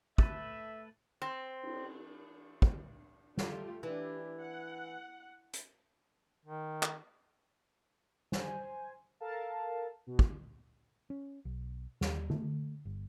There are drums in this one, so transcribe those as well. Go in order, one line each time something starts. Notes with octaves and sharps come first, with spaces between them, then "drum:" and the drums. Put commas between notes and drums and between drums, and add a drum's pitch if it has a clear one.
A3 A4 B4 E5, drum: kick
C4
drum: cymbal
drum: kick
A3 F4 G4, drum: snare
E3 D4 G4
F#5
drum: hi-hat
D#3
drum: clap
C5 G#5, drum: snare
A4 A#4 F5 A5
B2
drum: kick
C#4
B1
D#2, drum: snare
A3, drum: tom D3
G1